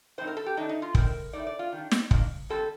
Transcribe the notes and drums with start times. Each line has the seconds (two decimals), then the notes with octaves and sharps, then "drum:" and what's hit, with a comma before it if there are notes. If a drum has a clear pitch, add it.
0.18 A2 F3 C4 D#4 C5
0.27 A#4
0.37 A4
0.46 G4
0.57 D#3 A3 D4 D#4
0.69 D#4
0.82 F4
0.95 A2 G3 C4 D#4 A#4, drum: kick
1.33 A2 A3 D#4 D5
1.47 D5
1.59 F4
1.72 D#3 G3 D4
1.92 drum: snare
2.11 F2 D#3 A#3 D4, drum: kick
2.49 F2 D3 G3 C4 A4